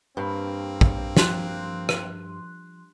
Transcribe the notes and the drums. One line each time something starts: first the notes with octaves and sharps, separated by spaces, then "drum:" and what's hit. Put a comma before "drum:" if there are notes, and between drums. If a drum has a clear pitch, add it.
G2 A#3 C4
drum: kick
F3 C6 F#6, drum: snare
drum: rim click